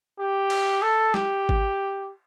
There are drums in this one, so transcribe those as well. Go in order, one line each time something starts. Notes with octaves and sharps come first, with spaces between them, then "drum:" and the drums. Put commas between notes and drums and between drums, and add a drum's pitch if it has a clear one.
G4
drum: cymbal
A4
G4, drum: snare
drum: kick G#1